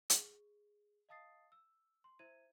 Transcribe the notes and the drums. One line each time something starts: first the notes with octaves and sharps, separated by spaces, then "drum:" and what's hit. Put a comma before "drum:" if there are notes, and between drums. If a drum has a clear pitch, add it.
G#4, drum: hi-hat
D#5 F5 A5 D#6 A6 C7
E6
C6
E4 C5 E5 G#6 D#7